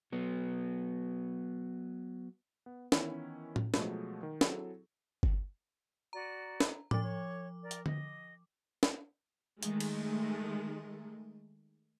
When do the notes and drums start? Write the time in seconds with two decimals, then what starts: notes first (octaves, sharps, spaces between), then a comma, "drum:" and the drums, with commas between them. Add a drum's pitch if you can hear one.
0.12 F#3 B3
2.66 B3
2.92 D#3 E3 B3 C#4 E4, drum: snare
3.56 drum: tom A2
3.74 B2 F3 F#3 G#3 A3, drum: snare
4.23 D#3
4.41 F#3 C4 E4 G#4 A4, drum: snare
5.23 drum: kick G1
6.13 F#4 D5 A#5
6.60 drum: snare
6.91 F3 D5 D6, drum: tom A2
7.03 C#5
7.62 A#4 D5
7.71 drum: hi-hat
7.86 D#5, drum: tom D3
8.83 drum: snare
9.63 D#3 G#3 A3, drum: hi-hat
9.80 drum: cymbal